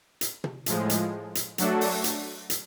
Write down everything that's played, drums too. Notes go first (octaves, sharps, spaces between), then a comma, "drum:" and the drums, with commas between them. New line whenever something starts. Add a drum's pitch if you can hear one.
drum: hi-hat
drum: tom
A2 F3 G#3, drum: hi-hat
drum: hi-hat
drum: hi-hat
F#3 A3 D4 F#4 A4, drum: hi-hat
drum: open hi-hat
drum: hi-hat
drum: hi-hat